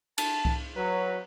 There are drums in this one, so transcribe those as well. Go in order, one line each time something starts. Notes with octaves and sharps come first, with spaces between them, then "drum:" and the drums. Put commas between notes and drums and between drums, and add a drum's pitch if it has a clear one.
A5, drum: cymbal
drum: kick C2
F#3 B4